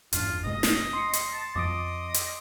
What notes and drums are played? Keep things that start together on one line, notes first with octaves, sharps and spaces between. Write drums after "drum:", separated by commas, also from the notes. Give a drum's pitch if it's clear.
G1 E2 D4 F4, drum: hi-hat
F#1 B2 G#3 D#5
drum: snare
C6 C7 C#7
drum: hi-hat
A5
F2 F3 D#5 D6 D#6 D7
drum: hi-hat